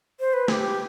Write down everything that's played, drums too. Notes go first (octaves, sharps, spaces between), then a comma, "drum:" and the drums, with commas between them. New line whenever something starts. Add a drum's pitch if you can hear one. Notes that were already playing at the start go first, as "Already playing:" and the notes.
C5
B4
G#4, drum: snare
G4